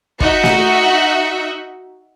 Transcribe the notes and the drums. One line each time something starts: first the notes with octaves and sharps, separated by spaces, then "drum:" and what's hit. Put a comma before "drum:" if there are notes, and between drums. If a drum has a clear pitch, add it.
D#4 F#4 E5, drum: kick
drum: snare